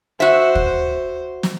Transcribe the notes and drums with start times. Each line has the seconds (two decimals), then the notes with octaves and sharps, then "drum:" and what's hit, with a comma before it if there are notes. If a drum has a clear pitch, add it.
0.20 F#4 C5 E5
0.55 drum: kick
1.43 drum: snare